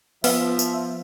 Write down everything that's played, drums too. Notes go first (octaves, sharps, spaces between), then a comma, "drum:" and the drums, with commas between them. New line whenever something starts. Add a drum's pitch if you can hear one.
F3 B3 B4 E5, drum: open hi-hat
drum: tambourine